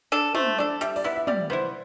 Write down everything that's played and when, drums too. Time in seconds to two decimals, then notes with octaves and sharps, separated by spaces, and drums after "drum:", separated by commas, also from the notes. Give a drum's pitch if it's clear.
0.12 D4 A4
0.35 A3 C5, drum: tom
0.58 D4 A4 D5
0.81 G3 E5, drum: hi-hat
0.96 D5, drum: open hi-hat
1.04 B3 E4 E5
1.16 E5
1.27 G3 D5, drum: tom
1.50 B3 E4 C5